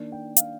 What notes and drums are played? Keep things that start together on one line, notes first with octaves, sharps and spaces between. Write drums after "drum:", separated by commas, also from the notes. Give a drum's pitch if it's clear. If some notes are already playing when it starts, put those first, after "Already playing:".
Already playing: D#3 A#3 D4
G5
F5, drum: hi-hat